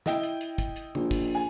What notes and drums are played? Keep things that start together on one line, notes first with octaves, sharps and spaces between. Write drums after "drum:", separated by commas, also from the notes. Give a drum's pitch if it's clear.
E4 D#5 G5, drum: snare
drum: hi-hat
drum: hi-hat
drum: kick, hi-hat
drum: hi-hat
A#1, drum: tom
drum: kick, open hi-hat
G#5